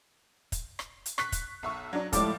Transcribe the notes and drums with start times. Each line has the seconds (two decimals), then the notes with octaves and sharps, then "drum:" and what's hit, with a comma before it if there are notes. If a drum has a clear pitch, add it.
0.52 drum: kick, hi-hat
0.79 drum: rim click
1.06 drum: hi-hat
1.18 C#6 F#6 B6, drum: rim click
1.32 drum: kick, hi-hat
1.63 B1 E5 C#6
1.93 F#3 D4
2.13 A2 F3 G3 G#3 D6, drum: kick, hi-hat